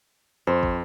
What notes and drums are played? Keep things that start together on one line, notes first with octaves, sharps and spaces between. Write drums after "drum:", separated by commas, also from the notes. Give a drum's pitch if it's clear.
F2 C5
drum: kick